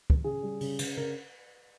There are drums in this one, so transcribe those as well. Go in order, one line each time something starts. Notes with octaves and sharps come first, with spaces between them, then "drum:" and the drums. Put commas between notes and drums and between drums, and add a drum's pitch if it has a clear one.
drum: kick
C#3 G#4
G3
C#3, drum: open hi-hat
C#3, drum: cymbal
C#3 A#4